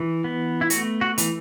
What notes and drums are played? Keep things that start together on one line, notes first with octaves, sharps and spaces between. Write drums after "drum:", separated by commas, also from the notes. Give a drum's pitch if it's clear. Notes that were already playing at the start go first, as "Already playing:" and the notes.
Already playing: E3
B3
E4
A3 F#4, drum: hi-hat
F#4
E3, drum: hi-hat